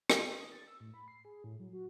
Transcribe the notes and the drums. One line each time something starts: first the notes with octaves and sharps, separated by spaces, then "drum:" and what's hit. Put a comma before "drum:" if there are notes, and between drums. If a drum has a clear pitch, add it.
drum: rim click
B4
D#6
A6
E6
A2
B5
C7
G#4
A2
F#3
F#4